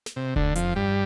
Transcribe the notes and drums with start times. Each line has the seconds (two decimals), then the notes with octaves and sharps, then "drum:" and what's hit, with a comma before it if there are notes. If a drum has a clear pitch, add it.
0.06 drum: snare
0.16 C3
0.36 D2 D3, drum: kick E1
0.56 F2 F3, drum: hi-hat
0.76 G2 G3